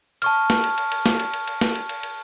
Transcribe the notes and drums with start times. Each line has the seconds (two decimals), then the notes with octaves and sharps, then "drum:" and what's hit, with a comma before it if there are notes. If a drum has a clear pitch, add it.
0.22 A5 C#6 F6, drum: cymbal
0.50 drum: snare
0.64 drum: cymbal
0.78 drum: cymbal
0.92 drum: cymbal
1.06 drum: snare
1.20 drum: cymbal
1.34 drum: cymbal
1.47 drum: cymbal
1.61 drum: snare
1.75 drum: cymbal
1.89 drum: cymbal
2.03 drum: cymbal